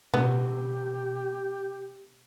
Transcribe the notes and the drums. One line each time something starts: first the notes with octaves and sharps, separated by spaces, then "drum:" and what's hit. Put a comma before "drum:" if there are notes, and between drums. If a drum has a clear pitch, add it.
B3 G4, drum: tom B2